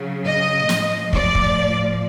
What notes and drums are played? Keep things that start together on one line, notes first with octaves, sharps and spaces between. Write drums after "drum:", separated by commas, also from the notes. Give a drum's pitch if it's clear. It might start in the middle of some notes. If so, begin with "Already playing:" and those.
Already playing: C#3 F#3
D#5
A2 F3, drum: snare
D5, drum: kick
drum: kick